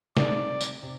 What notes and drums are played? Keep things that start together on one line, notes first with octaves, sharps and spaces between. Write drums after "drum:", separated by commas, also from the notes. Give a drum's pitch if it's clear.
C3 D#3 G3 D5, drum: snare
drum: tambourine
C3